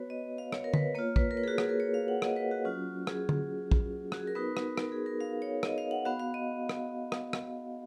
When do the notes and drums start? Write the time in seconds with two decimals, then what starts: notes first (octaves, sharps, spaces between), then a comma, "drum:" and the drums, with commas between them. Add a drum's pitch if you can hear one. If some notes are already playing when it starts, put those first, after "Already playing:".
Already playing: B3 F#4 B4 C#5
0.10 D#5
0.38 F5
0.52 C#5, drum: rim click
0.64 A#4
0.74 B4, drum: tom D3
0.95 A#3 F4 C#5
1.16 B4, drum: kick
1.31 A#4
1.37 B4
1.44 G#4
1.48 F#4
1.58 G#4, drum: rim click
1.69 A#4
1.80 C#5
1.94 F5
2.08 F#5
2.22 D#5, drum: rim click
2.36 B4
2.51 F#4
2.65 F#3 C#4 F4
3.07 G#4, drum: rim click
3.29 drum: tom D3
3.71 drum: kick
4.12 F#4, drum: rim click
4.20 G#4
4.27 A#4
4.35 B3 D#4 F#4 B4
4.57 drum: rim click
4.78 A#4, drum: rim click
4.92 G#4
5.06 A#4
5.20 F5
5.42 C#5
5.63 D#5, drum: rim click
5.78 F5
5.91 F#5
6.05 B3 F#4 F5
6.20 F5
6.34 D#5
6.69 drum: rim click
7.12 drum: rim click
7.33 drum: rim click